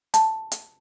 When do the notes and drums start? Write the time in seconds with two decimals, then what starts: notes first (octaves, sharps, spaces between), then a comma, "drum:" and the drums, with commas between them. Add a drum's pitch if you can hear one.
0.14 A5, drum: hi-hat
0.52 drum: hi-hat